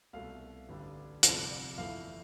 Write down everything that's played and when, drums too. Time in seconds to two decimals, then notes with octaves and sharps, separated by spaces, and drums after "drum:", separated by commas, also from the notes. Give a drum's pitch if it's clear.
0.13 C2 B2 A3 F5
0.69 A1 G2 D3 G3 D4
1.23 G1 F2 C3 G3, drum: hi-hat
1.78 G1 F2 E3 A3 E4 F5